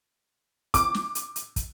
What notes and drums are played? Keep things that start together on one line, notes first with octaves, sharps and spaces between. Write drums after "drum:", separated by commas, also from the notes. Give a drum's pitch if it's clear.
D6, drum: kick, hi-hat
drum: snare
drum: hi-hat
drum: hi-hat
drum: kick, hi-hat